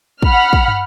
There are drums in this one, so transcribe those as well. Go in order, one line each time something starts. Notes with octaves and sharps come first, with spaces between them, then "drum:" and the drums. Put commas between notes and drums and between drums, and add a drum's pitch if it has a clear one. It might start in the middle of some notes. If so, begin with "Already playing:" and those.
F#5 B5 F6, drum: kick
drum: kick
drum: tom